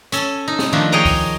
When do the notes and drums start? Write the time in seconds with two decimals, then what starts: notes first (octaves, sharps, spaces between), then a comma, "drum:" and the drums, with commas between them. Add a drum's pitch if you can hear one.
0.12 C#4 A4, drum: hi-hat
0.48 D#4
0.59 drum: snare
0.73 D#3 F3 A3 D4
0.92 G#4 C#5 D#5 G5 A#5
1.05 drum: kick C#2, open hi-hat